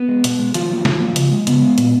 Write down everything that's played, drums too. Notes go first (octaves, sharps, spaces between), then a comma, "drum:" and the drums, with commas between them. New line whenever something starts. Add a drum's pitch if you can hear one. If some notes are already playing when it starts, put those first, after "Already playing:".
Already playing: B3
G#3
B2, drum: hi-hat
G#3
D#3 F3 F4, drum: hi-hat
F#3 A#3
D#3, drum: snare
F#3 A#3
C#3, drum: hi-hat
G#3
C#3 B3, drum: hi-hat
G#3
A#2, drum: hi-hat